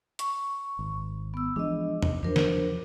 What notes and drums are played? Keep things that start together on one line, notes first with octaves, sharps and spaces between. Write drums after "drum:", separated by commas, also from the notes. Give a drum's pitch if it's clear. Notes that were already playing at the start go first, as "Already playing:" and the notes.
C#6, drum: hi-hat
G#1
B3 E6
E3 F3 G#3 D4 D#5
drum: tom E2
E2 F3 F#3 D4 A#4 C5
drum: snare